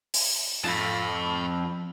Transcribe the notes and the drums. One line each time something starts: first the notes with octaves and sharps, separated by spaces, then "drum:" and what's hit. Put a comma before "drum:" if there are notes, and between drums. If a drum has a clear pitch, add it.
drum: open hi-hat
F2 A5 B5